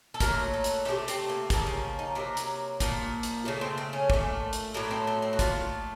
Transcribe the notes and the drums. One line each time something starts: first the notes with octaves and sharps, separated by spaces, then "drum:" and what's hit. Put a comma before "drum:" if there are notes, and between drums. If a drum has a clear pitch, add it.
A4
A#2 F#3 A3 A#4, drum: kick, hi-hat
A4
drum: hi-hat
C3 F3 A3 C#4
C4, drum: hi-hat
A#3
C#3 F3 A#3 C4, drum: kick, hi-hat
C#4
D#4
C3 F#3 A#3 C4
drum: hi-hat
A#2 F3 A#3, drum: kick, hi-hat
drum: hi-hat
C#3 A3 C#4
C4
C4
C#4
A#2 A3, drum: kick
drum: hi-hat
A2 F#3 A3 A#3
C4
C4
C4
F#4
A#2 A3 F4, drum: kick, hi-hat